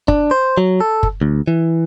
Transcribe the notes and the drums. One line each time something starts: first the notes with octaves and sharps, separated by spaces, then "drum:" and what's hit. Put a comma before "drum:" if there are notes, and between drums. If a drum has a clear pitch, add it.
D4, drum: kick
C5
F#3
A4
drum: kick
D2
E3